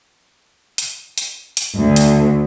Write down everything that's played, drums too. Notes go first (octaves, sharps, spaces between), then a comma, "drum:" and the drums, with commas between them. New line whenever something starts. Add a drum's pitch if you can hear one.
drum: hi-hat
drum: hi-hat
drum: hi-hat
D2
drum: hi-hat